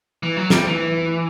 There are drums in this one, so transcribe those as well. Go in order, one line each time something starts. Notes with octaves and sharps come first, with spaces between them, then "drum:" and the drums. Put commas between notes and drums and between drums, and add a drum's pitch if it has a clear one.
E3
F#3
G3, drum: snare
E3